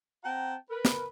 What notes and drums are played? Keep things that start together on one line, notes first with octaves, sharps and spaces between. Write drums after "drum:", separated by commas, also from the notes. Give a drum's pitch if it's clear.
C4 F#5 G5 A5 A#5
A#4 B4
drum: snare